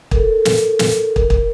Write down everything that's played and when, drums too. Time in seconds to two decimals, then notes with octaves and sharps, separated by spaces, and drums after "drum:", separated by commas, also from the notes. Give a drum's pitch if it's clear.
0.11 A4 A#4, drum: kick
0.45 drum: snare
0.79 drum: snare
1.16 A#4, drum: kick
1.30 drum: kick